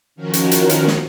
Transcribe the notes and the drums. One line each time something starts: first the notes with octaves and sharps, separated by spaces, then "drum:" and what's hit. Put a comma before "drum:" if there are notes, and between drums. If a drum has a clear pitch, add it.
D#3 F3 C#4 F#4 A#4
drum: hi-hat
drum: hi-hat
drum: hi-hat
drum: snare